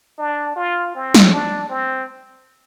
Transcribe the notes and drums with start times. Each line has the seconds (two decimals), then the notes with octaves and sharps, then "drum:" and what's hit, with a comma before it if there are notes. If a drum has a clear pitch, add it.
0.18 D4
0.56 F4
0.95 C4
1.15 drum: snare
1.32 D4
1.70 C4